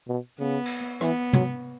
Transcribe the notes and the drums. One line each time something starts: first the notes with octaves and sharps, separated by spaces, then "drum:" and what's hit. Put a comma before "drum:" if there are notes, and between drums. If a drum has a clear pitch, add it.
B2
C#3 B3
drum: cymbal
E3 B3, drum: rim click
F#3, drum: tom